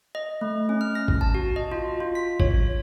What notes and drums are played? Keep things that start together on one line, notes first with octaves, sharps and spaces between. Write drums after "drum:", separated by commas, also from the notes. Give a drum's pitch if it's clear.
D#5
A3
C#4
F6
A#6
drum: kick
A5
F#4
D#5
F4
F4
B6
C#5, drum: kick